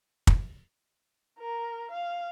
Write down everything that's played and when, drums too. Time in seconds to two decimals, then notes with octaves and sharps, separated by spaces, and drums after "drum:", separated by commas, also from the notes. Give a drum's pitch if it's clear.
0.27 drum: kick
1.40 A#4
1.91 F5